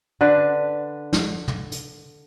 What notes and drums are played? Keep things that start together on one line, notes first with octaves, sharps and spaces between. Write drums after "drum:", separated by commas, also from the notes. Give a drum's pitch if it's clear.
D3 D4 B4
drum: snare
drum: tom
drum: hi-hat